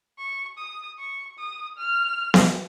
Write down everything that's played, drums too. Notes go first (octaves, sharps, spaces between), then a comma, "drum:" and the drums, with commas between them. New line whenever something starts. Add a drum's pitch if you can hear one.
C#6
D#6
C#6
D#6
F6
drum: snare B3